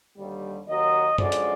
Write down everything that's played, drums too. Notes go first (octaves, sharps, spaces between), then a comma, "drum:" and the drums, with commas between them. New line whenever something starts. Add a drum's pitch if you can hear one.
D#2 D3 G3
D#2 D#3 F#3 D#5
F#2 D3 F3 G#3 D5, drum: tom
drum: hi-hat